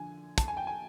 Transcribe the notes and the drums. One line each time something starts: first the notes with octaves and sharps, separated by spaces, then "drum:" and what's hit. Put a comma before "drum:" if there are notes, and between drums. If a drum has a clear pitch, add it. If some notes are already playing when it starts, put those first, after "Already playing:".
Already playing: D3 F3 G#5
A5, drum: kick, hi-hat
G#5
G5
G#5